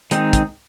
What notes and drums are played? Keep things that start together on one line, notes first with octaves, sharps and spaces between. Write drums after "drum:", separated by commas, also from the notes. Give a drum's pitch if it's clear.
D#3 G#3 C4 D#4, drum: hi-hat
drum: kick, hi-hat